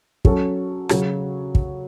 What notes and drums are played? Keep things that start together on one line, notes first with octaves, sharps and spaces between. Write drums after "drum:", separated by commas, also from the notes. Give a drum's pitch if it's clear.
F#3 C#4 F#4 A4, drum: kick
C#3 F#3 C#4, drum: rim click
drum: kick